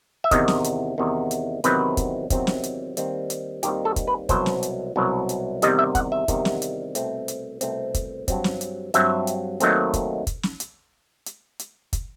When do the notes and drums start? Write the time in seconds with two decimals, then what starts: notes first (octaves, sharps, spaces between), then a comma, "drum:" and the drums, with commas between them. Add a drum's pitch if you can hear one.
0.24 E5
0.31 E2 C3 D#3 D#5, drum: kick, hi-hat
0.48 drum: snare
0.64 drum: hi-hat
0.98 E2 C3 D#3
1.31 drum: hi-hat
1.64 E2 C3 D#3 F#3 C4 B4, drum: hi-hat
1.97 drum: kick, hi-hat
2.30 E2 C3 D#3 F#3 C4, drum: kick, hi-hat
2.47 drum: snare
2.63 drum: hi-hat
2.97 D#2 D#3 G3 C4, drum: hi-hat
3.30 drum: hi-hat
3.63 D#2 D#3 G3 C4 G4, drum: hi-hat
3.85 A4
3.96 drum: kick, hi-hat
4.07 B4
4.29 C2 B2 F#3 C5, drum: kick, hi-hat
4.46 drum: snare
4.63 drum: hi-hat
4.96 C2 B2 F#3
5.29 drum: hi-hat
5.62 E2 C3 D#3 G3 D#5, drum: hi-hat
5.79 E5
5.95 F#5, drum: kick, hi-hat
6.12 E5
6.28 E2 C3 D#3 G3, drum: kick, hi-hat
6.45 drum: snare
6.62 drum: hi-hat
6.95 C2 B2 A3 C4, drum: hi-hat
7.28 drum: hi-hat
7.61 C2 B2 A3 C4, drum: hi-hat
7.94 drum: kick, hi-hat
8.28 G2 F#3 C4, drum: kick, hi-hat
8.44 drum: snare
8.61 drum: hi-hat
8.94 G2 F#3 C4 E5, drum: hi-hat
9.27 drum: hi-hat
9.60 D#2 D#3 F#3 A3 C4, drum: hi-hat
9.94 drum: kick, hi-hat
10.27 drum: kick, hi-hat
10.43 drum: snare
10.60 drum: hi-hat
11.26 drum: hi-hat
11.59 drum: hi-hat
11.93 drum: kick, hi-hat